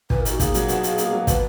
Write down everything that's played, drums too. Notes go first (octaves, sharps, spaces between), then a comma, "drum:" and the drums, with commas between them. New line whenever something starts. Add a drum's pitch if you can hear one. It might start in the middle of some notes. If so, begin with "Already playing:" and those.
A#2 B4, drum: kick
A#4
D#4 F#4, drum: hi-hat
A#3 G#4, drum: kick, hi-hat
F#3, drum: hi-hat
B2, drum: hi-hat
F4, drum: hi-hat
A#3, drum: hi-hat
F#3
B2 B4, drum: kick, hi-hat